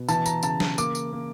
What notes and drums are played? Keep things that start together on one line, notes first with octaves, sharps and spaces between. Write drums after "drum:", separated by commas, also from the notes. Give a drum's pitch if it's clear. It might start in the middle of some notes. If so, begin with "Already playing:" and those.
Already playing: B2
E3 A5, drum: tambourine
A#5, drum: tambourine
C#3 A5, drum: tambourine
drum: snare
A#3 D6, drum: tambourine
drum: tambourine
A#3